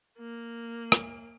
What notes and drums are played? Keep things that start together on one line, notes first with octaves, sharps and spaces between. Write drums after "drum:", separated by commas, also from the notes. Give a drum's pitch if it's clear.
A#3
drum: rim click